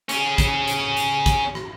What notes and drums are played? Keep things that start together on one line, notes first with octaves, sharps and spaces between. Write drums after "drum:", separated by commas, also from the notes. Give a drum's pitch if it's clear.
C#4 G#4, drum: hi-hat
drum: kick, hi-hat
drum: hi-hat
drum: hi-hat
drum: kick, hi-hat
drum: rim click